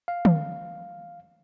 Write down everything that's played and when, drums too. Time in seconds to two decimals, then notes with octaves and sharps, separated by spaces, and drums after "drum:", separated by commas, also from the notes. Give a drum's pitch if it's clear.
0.08 F5
0.25 drum: tom